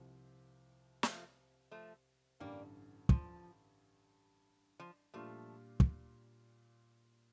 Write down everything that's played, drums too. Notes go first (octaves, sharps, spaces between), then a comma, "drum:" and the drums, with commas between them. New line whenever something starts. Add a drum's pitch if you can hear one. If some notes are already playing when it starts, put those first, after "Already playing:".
Already playing: C2 C3 F3
F3 A3, drum: snare
F3 A3
A1 G2 D3 G3 A#3
F3, drum: kick
F3
A#2 F3 G3 A3 D4 F4
drum: kick